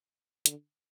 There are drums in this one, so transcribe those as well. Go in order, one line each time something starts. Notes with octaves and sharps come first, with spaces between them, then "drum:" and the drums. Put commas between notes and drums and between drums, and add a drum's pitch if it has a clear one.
D3, drum: hi-hat